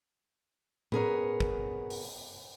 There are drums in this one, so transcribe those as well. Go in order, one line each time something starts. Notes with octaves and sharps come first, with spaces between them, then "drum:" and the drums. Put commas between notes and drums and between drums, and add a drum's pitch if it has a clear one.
B3 G#4 A#4 C#5, drum: tom A2
drum: kick
drum: open hi-hat